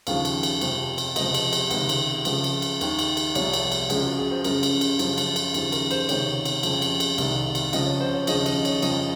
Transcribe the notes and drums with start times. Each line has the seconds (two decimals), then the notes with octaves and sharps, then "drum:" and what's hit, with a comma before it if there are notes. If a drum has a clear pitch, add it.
0.07 D#2 C#3 F3 F5, drum: cymbal
0.25 drum: cymbal
0.43 drum: cymbal
0.61 F2 C3 F3, drum: cymbal
0.98 drum: cymbal
1.16 C#2 C3 F3 D#5, drum: cymbal
1.34 drum: cymbal
1.53 drum: cymbal
1.71 C#2 C3 D#3, drum: cymbal
1.89 drum: cymbal
2.25 C#2 C#3 F3, drum: cymbal
2.44 drum: cymbal
2.62 drum: cymbal
2.81 D#2 D#3, drum: cymbal
2.99 drum: cymbal
3.17 drum: cymbal
3.35 C2 C3 F3 C#5, drum: cymbal
3.53 drum: cymbal
3.72 drum: cymbal
3.90 C#2 C#3 F3 G#4, drum: cymbal
4.04 F#4
4.18 G#4
4.31 C5
4.44 F#2 C#3 F3 A#4, drum: cymbal
4.63 drum: cymbal
4.81 drum: cymbal
4.99 F#2 C#3 F3, drum: cymbal
5.18 drum: cymbal
5.36 drum: cymbal
5.54 D#2 C#3 F3, drum: cymbal
5.72 A#4, drum: cymbal
5.91 C5, drum: cymbal
6.09 C#2 C3 D#3 C#5, drum: cymbal
6.45 drum: cymbal
6.63 F2 C#3 F3, drum: cymbal
6.82 drum: cymbal
7.00 drum: cymbal
7.18 C2 C3 D#3, drum: cymbal
7.55 drum: cymbal
7.73 C#2 C#3 F3 D#5, drum: cymbal
7.86 C#5
8.00 C5
8.14 C#5
8.27 D#2 C#3 F3 D#5, drum: cymbal
8.46 D#5, drum: cymbal
8.65 C#5, drum: cymbal
8.82 F2 C#3 F3 D#5, drum: cymbal